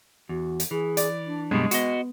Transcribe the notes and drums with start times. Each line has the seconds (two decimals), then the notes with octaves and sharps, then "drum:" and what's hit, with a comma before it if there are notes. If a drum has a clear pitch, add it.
0.29 E2 F#4
0.60 drum: hi-hat
0.71 E3 G#4
0.97 D5, drum: hi-hat
1.27 D4
1.51 F#2 B2 G3 G#3
1.71 B3 F#4 D#5, drum: hi-hat